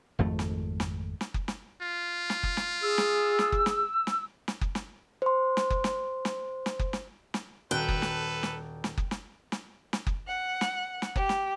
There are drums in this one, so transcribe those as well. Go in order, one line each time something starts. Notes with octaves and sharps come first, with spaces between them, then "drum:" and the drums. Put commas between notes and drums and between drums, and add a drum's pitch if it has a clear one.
G#1 F2 A3
drum: snare
drum: snare
drum: snare
drum: kick F#1
drum: snare
F4
drum: snare
drum: kick F#1
drum: snare
G#4 E6
drum: snare
drum: snare
drum: kick F#1
drum: snare
drum: snare
drum: snare
drum: kick F#1
drum: snare
C5 C6
drum: snare
drum: kick F#1
drum: snare
drum: snare
drum: snare
drum: kick F#1
drum: snare
drum: snare
D#1 F#4 A4 B4 G5 F#6
drum: kick F#1
drum: snare
drum: snare
drum: snare
drum: kick F#1
drum: snare
drum: snare
drum: snare
drum: kick F#1
F#5
drum: snare
drum: snare
G4, drum: kick F#1
drum: snare